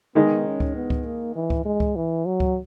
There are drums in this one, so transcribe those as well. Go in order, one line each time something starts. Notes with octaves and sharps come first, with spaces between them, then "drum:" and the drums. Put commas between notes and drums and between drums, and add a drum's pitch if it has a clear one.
D#3 G#3 B3 D#4
C#4
drum: kick C#2
B3
drum: kick C#2
A#3
E3
drum: kick C#2
G#3
drum: kick C#2
E3
F#3
drum: kick C#2